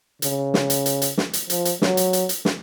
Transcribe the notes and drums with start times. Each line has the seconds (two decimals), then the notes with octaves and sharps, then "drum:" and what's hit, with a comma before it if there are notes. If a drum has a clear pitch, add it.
0.22 C#3, drum: hi-hat
0.54 drum: snare
0.70 drum: hi-hat
0.86 drum: hi-hat
1.02 drum: hi-hat
1.18 drum: snare
1.33 drum: hi-hat
1.50 F3, drum: hi-hat
1.65 drum: hi-hat
1.82 F#3, drum: snare
1.97 drum: hi-hat
2.13 drum: hi-hat
2.29 drum: hi-hat
2.45 drum: snare